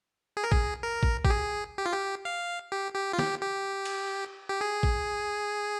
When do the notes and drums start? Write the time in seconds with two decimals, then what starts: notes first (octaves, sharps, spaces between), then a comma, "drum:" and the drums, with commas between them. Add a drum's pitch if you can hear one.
0.37 G#4
0.44 A#4
0.52 G#4, drum: kick
0.83 A#4
1.03 drum: kick
1.25 G4, drum: kick
1.30 G#4
1.78 G4
1.86 F4
1.92 G4
2.25 F5
2.72 G4
2.95 G4
3.13 F4
3.19 G4, drum: snare
3.42 G4
3.85 drum: cymbal
4.49 G4
4.61 G#4
4.83 drum: kick